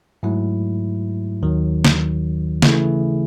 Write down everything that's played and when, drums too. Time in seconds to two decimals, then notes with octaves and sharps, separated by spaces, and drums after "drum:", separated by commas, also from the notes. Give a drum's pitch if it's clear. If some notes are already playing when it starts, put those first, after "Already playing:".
0.23 G#2 F#3 A3 E4
1.43 D#2 D#3 F#3
1.85 drum: snare
2.62 C#3 E3 A3 E4 G#4, drum: snare